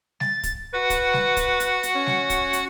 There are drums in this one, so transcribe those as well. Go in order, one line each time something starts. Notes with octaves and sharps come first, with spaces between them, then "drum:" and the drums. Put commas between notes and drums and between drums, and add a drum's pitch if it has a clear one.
A6, drum: snare G3
drum: kick, hi-hat
F#4 B4 F#5
drum: kick, hi-hat
drum: snare G3
drum: kick, hi-hat
drum: hi-hat
drum: hi-hat
C#4
drum: snare G3
drum: kick, hi-hat
drum: hi-hat